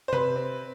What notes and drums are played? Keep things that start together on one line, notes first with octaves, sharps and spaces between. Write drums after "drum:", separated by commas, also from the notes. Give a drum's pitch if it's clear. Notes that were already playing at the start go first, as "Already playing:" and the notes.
C5
C3 B4, drum: tom C3
C4